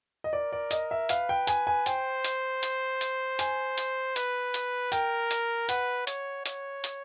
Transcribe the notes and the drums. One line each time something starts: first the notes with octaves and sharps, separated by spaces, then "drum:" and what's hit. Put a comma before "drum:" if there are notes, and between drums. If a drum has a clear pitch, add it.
D#5
A#4 D5
D5
D#5, drum: hi-hat
E5
B4 F5, drum: hi-hat
G5
G#5, drum: hi-hat
G#5
C5 G5, drum: hi-hat
drum: hi-hat
drum: hi-hat
drum: hi-hat
G#5, drum: hi-hat
drum: hi-hat
B4, drum: hi-hat
drum: hi-hat
A#4 G5, drum: hi-hat
drum: hi-hat
B4 F#5, drum: hi-hat
C#5, drum: hi-hat
C#5, drum: hi-hat
drum: hi-hat